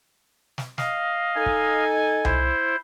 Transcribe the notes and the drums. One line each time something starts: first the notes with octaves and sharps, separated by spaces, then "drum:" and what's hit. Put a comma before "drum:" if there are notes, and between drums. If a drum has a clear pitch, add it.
drum: snare
D#5 F5, drum: snare
D#4 A4 G#5
drum: kick
E4 C5, drum: tom C2